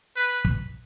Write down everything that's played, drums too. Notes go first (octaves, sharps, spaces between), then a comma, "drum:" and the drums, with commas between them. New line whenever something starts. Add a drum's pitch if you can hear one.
B4
drum: kick